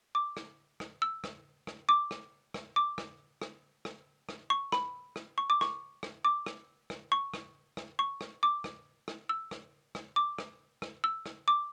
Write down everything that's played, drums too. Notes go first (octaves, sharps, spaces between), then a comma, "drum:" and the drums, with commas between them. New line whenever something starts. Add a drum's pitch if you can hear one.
D6
drum: rim click
drum: rim click
E6
drum: rim click
drum: rim click
D6
drum: rim click
drum: rim click
D6
drum: rim click
drum: rim click
drum: rim click
drum: rim click
C#6
B5, drum: rim click
drum: rim click
C#6
D6
C#6, drum: rim click
drum: rim click
D6
drum: rim click
drum: rim click
C#6
drum: rim click
drum: rim click
C#6
drum: rim click
D6
drum: rim click
drum: rim click
E6
drum: rim click
drum: rim click
D6
drum: rim click
drum: rim click
E6
drum: rim click
D6